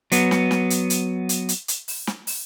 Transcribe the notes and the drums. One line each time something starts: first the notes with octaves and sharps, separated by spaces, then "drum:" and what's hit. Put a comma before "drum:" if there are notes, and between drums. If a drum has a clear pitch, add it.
F#3 B3, drum: hi-hat
drum: snare
drum: snare
drum: hi-hat
drum: hi-hat
drum: hi-hat
drum: hi-hat
drum: hi-hat
drum: open hi-hat
drum: snare
drum: open hi-hat